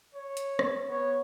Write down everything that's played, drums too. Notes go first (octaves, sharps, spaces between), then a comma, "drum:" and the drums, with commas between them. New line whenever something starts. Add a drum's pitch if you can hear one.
C#5
drum: hi-hat
drum: rim click
B3 C#5